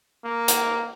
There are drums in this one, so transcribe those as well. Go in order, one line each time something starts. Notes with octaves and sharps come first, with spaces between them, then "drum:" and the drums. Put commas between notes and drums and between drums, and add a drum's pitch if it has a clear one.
A#3
drum: hi-hat